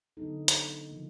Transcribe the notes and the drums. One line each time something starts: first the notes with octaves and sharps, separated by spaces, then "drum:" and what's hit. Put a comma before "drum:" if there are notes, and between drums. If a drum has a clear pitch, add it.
D3 F#3 B3 D#4 A4
drum: hi-hat
C#3 F3 A#3